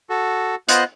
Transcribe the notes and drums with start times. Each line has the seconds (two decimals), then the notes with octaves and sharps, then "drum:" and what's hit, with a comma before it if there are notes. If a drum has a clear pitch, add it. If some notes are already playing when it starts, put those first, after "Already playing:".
0.10 F#4 A4
0.69 B3 F4 C5 D#5 F#6, drum: hi-hat